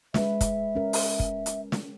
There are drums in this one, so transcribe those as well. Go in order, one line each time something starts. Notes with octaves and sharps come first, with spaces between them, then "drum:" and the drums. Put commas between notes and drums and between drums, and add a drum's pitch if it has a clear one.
G#3 B4 E5, drum: snare
drum: kick, hi-hat
C#4 A#4
drum: open hi-hat
drum: kick
drum: hi-hat
drum: snare